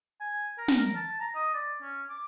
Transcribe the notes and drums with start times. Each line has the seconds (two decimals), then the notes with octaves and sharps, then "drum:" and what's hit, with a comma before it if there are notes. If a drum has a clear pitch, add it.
0.20 G#5
0.58 A#4
0.68 drum: snare
0.78 A#4
0.95 A5
1.20 A#5
1.35 D#5
1.54 D5
1.81 C#4
2.10 D6